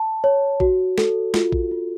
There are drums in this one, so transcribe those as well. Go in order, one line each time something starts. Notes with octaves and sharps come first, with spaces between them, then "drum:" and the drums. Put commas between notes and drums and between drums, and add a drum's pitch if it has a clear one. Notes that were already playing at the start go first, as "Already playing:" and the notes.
Already playing: A5
C#5
F#4, drum: kick
A4, drum: snare
F4, drum: snare
drum: kick
F4